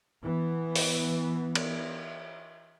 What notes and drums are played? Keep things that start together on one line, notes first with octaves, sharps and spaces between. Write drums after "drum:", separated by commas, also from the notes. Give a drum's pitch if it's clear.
E3 B3
drum: open hi-hat
drum: cymbal